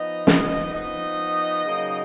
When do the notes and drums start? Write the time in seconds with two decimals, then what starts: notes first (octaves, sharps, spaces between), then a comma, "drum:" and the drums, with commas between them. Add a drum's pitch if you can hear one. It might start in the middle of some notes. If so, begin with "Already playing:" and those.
Already playing: F3 B3 D#4 D#5
0.27 drum: snare
0.72 F3 B3 D#4 D#5
1.65 C#3 F#3 A#3 D#4